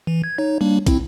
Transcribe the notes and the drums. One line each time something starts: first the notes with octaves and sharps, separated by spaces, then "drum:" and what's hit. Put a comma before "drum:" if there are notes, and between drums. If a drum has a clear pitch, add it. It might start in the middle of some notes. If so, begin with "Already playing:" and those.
E3
G#6
D#4 C#5
G3 A#3 D4
C4 E4, drum: kick, hi-hat